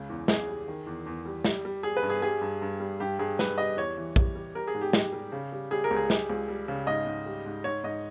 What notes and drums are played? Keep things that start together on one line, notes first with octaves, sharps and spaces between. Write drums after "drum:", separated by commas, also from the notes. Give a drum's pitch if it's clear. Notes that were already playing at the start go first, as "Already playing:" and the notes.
Already playing: C#2 C#3
E2
E2 G#4, drum: snare
G3
D#3
E2
E2
G3
G3, drum: snare
G3
G3 G#4
B4
G2
G#4
G3 G#4
G2
G2
G3
G2 G4
G2 G#4
G2 B4, drum: snare
G3 D#5
E2 C#5
E3
G3, drum: kick A#1
G3
G3 A#4
G#4
G#2
G4
G3, drum: snare
G3
C#3
G3
G3 G#4
A#4
C#2
G#4
G3, drum: snare
C#2
G3
C#3
G#2 D#5
G#2
G3
G#2
G#2 C#5
G#2 D#5